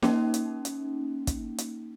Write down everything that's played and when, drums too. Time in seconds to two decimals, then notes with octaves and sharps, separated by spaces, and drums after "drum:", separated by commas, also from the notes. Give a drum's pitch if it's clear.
0.02 A#3 C#4 D#4, drum: snare
0.34 drum: hi-hat
0.65 drum: hi-hat
1.27 drum: kick, hi-hat
1.58 drum: hi-hat